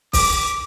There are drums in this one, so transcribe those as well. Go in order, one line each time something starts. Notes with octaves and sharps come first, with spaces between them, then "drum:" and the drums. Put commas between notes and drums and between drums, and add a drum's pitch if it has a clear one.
D6, drum: kick, open hi-hat